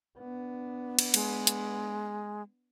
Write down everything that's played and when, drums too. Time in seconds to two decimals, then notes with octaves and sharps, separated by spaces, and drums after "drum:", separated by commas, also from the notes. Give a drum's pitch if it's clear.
0.19 B3 D4
0.99 drum: cymbal
1.14 G#3, drum: cymbal
1.47 drum: hi-hat